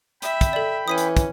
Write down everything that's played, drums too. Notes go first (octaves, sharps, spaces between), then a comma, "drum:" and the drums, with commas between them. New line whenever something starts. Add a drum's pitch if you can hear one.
E5 G5 B5, drum: hi-hat
drum: kick, hi-hat
A4 D5
E3 C#4 D#6 B6 D#7
drum: hi-hat
drum: kick, hi-hat